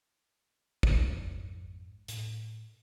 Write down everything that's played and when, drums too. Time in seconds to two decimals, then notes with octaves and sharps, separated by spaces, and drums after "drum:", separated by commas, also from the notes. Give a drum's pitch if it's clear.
0.83 drum: kick
1.07 F2 G#2 D4
2.08 A2, drum: hi-hat